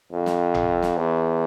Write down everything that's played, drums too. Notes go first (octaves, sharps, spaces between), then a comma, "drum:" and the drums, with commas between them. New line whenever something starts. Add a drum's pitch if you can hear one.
F2
drum: snare
drum: tom G#1
drum: snare
E2